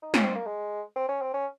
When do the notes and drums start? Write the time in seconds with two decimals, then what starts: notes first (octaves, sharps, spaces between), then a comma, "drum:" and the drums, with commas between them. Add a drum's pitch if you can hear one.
0.02 D#4
0.14 C#4, drum: snare
0.24 C4
0.35 A#3
0.47 G#3
0.96 C4
1.09 C#4
1.22 C4
1.34 C#4